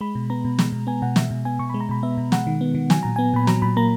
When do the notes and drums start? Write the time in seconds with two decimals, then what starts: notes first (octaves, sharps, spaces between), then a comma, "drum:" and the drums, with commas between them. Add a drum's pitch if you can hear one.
0.01 G#3 B5
0.15 B2
0.30 B3 A#5
0.45 B2
0.59 G#3, drum: snare
0.72 B2
0.87 B3 G#5
1.02 B2 F#5
1.16 G#3 E5, drum: snare
1.31 B2
1.45 B3 G#5
1.59 B2 C#6
1.70 G#3 B5
1.80 A#5
1.89 B2 B5
2.03 B3 E5
2.17 B2
2.32 G#3 F#5, drum: snare
2.47 D#3
2.61 B3
2.75 D#3
2.90 F#3 G#5, drum: snare
3.03 A#2 A#5
3.16 B3 G#5
3.34 A#2 B5
3.47 F#3 A#5, drum: snare
3.62 A#2 B5
3.77 A#3 A#5